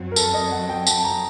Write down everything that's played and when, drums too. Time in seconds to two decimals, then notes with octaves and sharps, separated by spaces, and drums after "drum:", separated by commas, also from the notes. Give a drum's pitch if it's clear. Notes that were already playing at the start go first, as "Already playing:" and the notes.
Already playing: F#2 F#3 C4 F#4
0.11 A#4
0.16 A4, drum: tambourine
0.34 D#5
0.51 F#5
0.69 G5
0.87 A5, drum: tambourine
1.04 A#5